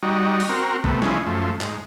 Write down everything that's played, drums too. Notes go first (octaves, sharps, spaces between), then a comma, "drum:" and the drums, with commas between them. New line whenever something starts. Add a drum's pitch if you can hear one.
G3 D#4 F#4
drum: open hi-hat
C4 F#4 A#4
C3 A3 B3, drum: kick
F3 G#3 C#4 E4, drum: snare D#4
F#2 F3 A3
G#2, drum: clap